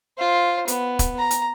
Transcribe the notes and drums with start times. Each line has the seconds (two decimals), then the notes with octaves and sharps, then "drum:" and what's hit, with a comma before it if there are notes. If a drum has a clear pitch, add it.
0.18 F4 C5
0.68 B3, drum: hi-hat
0.99 drum: kick, hi-hat
1.18 A#5
1.31 drum: hi-hat